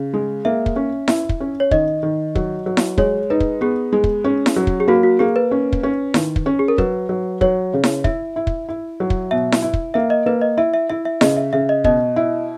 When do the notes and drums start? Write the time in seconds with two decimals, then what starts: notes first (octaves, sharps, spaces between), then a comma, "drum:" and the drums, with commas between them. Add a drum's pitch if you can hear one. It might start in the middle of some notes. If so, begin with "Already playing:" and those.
Already playing: C#3
0.14 G#3
0.45 A#3 E5
0.66 drum: kick
0.76 C#4
1.08 E4, drum: snare E4
1.29 drum: kick
1.40 C#4
1.60 C#5
1.71 D#3 D#5, drum: kick
2.03 D#3
2.35 F#3, drum: kick
2.66 F#3
2.77 drum: snare E4
2.98 G#3 C#5, drum: kick
3.30 D#4 B4
3.40 drum: kick
3.61 B3 G#4
3.93 G#3
4.04 drum: kick
4.24 C#4
4.46 drum: snare E4
4.56 F#3
4.67 drum: kick
4.80 G#4
4.88 A#3 F#4
5.03 F#4
5.19 A#3 G#4
5.36 B4
5.51 C#4
5.72 drum: kick
5.83 C#4
6.14 D#3, drum: snare E4
6.36 drum: kick
6.46 C#4
6.59 G#4
6.68 A#4
6.78 F#3 B4, drum: kick
7.09 F#3
7.41 F#3 C#5, drum: kick
7.74 C#3
7.84 drum: snare E4
8.04 E4 E5, drum: kick
8.36 E4
8.47 drum: kick
8.69 E4
9.00 F#3
9.10 drum: kick
9.31 B2 E5
9.52 drum: snare E4
9.62 E4
9.73 drum: kick
9.94 A#3 E5
10.10 D#5
10.26 A#3 B4
10.41 D#5
10.57 E4 E5
10.74 E5
10.90 E4 E5
11.05 E5
11.21 C#3 D#5, drum: snare E4
11.37 E5
11.53 C#3 E5
11.69 D#5
11.84 B2 D#5, drum: kick
12.16 E4